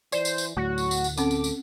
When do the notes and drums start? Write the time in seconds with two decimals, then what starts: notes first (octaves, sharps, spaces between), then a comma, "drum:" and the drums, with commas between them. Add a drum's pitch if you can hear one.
0.12 E3 C5 D5, drum: tambourine
0.25 drum: tambourine
0.38 drum: tambourine
0.57 D2 A2 F#3 F#4
0.78 drum: tambourine
0.91 drum: tambourine
1.04 drum: tambourine
1.17 C4 C#4 A4 F#5 D6, drum: tambourine
1.31 drum: tambourine
1.44 drum: tambourine